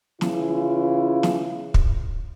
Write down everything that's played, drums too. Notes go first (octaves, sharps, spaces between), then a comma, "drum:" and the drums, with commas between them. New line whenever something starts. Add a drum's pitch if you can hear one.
C#3 E3 E4 F4, drum: snare
drum: snare
drum: kick